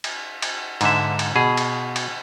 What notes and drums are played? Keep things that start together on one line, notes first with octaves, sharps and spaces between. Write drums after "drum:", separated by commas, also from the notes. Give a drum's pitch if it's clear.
drum: cymbal
drum: cymbal
G#2 D3 E5, drum: cymbal
drum: cymbal
B2 G#4
drum: cymbal
drum: cymbal